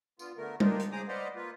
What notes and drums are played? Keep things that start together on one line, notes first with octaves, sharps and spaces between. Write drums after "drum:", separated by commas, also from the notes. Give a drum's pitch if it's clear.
D3 B3 F4, drum: tambourine
D3 A3 B3 A#4
D#3 A#3 D4 D#4 F4 A#4, drum: tom G3
drum: hi-hat
C#3 G#4 C5 A#5 D6 D#6
B4 C5 D5 D#5 F5 F#5
A#3 F4 B4